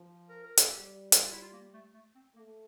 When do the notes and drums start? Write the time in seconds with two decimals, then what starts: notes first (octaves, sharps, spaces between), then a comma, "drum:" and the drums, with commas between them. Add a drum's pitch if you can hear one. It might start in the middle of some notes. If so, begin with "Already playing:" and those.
Already playing: F3
0.29 A#4
0.44 A#4
0.57 A4, drum: hi-hat
0.71 G3 G4
1.12 G4, drum: hi-hat
1.22 F4
1.32 E4
1.42 F4
1.53 A#3
1.74 A3
1.94 A3
2.15 C4
2.35 A3 A#3